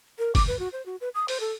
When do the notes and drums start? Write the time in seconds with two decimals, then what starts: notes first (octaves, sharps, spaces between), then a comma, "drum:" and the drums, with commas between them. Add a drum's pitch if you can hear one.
0.19 A#4
0.35 D6, drum: kick, open hi-hat
0.48 B4
0.59 F#4
0.72 C5
0.86 F#4
1.01 B4
1.14 D#6
1.28 C5, drum: open hi-hat
1.40 A4